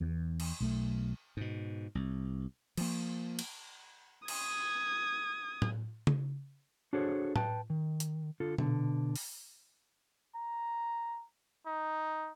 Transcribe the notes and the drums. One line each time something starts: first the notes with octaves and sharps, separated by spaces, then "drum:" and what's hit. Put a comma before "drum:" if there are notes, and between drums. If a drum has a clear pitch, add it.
E2
drum: cymbal
B1 A3
G#2 B2
C2
F3 A#3, drum: cymbal
drum: cymbal
D#6 G#6, drum: cymbal
drum: tom A2
drum: tom C#3
D4 F#4 G#4 A4 C5 C#5
B4 G5 A5, drum: tom A2
D#3
drum: hi-hat
D3 F4 A4
B2 D3, drum: tom A#2
drum: open hi-hat
A#5
D#4